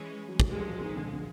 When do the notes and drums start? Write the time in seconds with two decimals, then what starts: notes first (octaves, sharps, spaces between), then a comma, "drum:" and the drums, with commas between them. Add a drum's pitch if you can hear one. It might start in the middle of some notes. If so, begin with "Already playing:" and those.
Already playing: E3 G#3 C#4
0.28 F#3
0.40 drum: kick
0.51 A#2 F3 G3 G#3
0.66 F#3
0.80 D#3
0.96 D3
1.13 D3